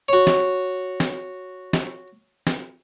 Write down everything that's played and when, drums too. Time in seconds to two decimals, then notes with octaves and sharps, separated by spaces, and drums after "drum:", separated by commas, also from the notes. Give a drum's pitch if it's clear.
0.09 F#4 C#5
0.27 drum: snare
1.00 drum: snare
1.73 drum: snare
2.47 drum: snare